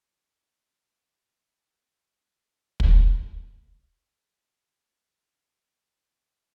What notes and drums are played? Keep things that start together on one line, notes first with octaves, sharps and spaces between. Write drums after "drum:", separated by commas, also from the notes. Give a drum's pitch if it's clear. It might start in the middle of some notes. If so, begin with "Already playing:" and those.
G4 B4 E5
B2 D#3 D#4
drum: kick
A4 D5 E5 G5 G#5